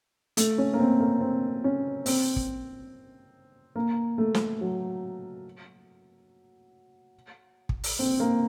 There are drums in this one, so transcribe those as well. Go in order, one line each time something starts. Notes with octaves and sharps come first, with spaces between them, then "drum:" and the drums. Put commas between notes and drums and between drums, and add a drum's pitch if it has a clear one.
A3, drum: hi-hat
C#4
A#3
C4
A#3
C4
C#4
C4, drum: open hi-hat
drum: kick
A#3
A3
drum: snare
F#3
drum: kick
drum: open hi-hat
C4
A#3